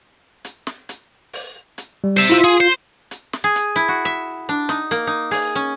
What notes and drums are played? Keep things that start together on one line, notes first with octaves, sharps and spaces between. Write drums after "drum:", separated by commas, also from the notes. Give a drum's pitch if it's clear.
drum: hi-hat
drum: snare
drum: hi-hat
drum: open hi-hat
drum: hi-hat
G3
C5 E5
E4 F4 E6
F4 G#4
C5
drum: hi-hat
drum: snare
G#4
drum: hi-hat
E4
F#4
E5
D4
D#4, drum: snare
A#3, drum: hi-hat
D#4
G#4, drum: open hi-hat
C#4